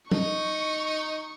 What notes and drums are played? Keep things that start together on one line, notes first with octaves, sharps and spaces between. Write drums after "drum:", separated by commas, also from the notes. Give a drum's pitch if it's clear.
D#4 C#6, drum: tom